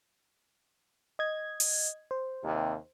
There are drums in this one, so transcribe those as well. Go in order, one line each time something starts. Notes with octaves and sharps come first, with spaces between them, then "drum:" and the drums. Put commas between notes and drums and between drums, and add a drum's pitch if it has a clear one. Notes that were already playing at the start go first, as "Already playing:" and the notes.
D#5 G#6
drum: open hi-hat
C5
D#2 C3